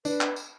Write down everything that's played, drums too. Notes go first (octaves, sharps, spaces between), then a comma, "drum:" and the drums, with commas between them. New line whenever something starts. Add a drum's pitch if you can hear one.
D4 B4, drum: tambourine
drum: clap
drum: tambourine